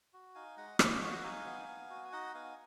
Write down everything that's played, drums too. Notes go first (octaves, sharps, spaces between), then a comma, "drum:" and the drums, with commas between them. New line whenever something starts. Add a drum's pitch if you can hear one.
F#4
D#4 F5 G#5
G#3 D#5 F#5
G#3 C#5 F5, drum: rim click
C#5 F5
F#4 C#5 F5
D#5 F#5
D#4 F5 G#5
B3
B3
F#4
G#5
D#4 D#5 F#5
B3 F5 G#5